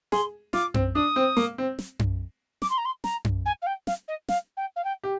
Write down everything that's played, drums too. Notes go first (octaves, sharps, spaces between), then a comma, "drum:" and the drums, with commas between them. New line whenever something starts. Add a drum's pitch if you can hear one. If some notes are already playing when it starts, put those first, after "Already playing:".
G#4 C6, drum: snare
F4 D6, drum: snare
C4, drum: tom F#2
D4 D#6
C4
A#3, drum: snare
C4
drum: snare
drum: tom F#2
D6, drum: snare
C6
A#5
C6
A#5, drum: snare
drum: tom F#2
G#5
F5
G5
F5, drum: snare
D#5
F5, drum: snare
G5
F5
G5
G4